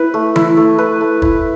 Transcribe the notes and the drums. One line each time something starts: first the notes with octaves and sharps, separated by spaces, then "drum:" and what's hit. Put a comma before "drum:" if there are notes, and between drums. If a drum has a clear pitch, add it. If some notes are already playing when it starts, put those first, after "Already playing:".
Already playing: E4 B4
A3
E4, drum: tom E3
A3
B4
A3
E4, drum: kick